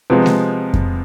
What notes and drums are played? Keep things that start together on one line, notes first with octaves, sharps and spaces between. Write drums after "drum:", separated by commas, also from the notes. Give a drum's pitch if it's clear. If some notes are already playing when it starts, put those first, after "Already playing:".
C3 F3 G#3 B3
drum: snare G#3
drum: kick F2